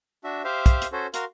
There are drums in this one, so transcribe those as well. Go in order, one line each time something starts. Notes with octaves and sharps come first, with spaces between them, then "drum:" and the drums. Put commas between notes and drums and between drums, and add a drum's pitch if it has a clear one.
D4 F#4 E5
G4 C5 E5 F5
drum: kick, hi-hat
drum: hi-hat
C#4 F#4 A4 C5
F#4 A#4 F5 C6, drum: hi-hat